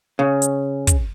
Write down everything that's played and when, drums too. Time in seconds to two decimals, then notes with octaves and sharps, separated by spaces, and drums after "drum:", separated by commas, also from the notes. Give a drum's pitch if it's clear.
0.19 C#3
0.42 drum: hi-hat
0.87 drum: kick, hi-hat